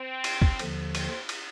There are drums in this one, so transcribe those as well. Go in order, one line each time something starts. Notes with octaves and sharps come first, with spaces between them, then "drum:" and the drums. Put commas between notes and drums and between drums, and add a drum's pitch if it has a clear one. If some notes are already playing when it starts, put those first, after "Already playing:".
Already playing: C4
drum: cymbal
drum: kick
D#2 D3 F3, drum: cymbal
C4, drum: cymbal
drum: cymbal